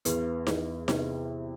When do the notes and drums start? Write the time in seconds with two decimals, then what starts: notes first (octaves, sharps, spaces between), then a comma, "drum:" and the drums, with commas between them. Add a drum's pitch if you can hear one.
0.05 E2 B3 B4, drum: hi-hat
0.47 E2, drum: snare D#4
0.88 C3 B3 B4, drum: snare D#4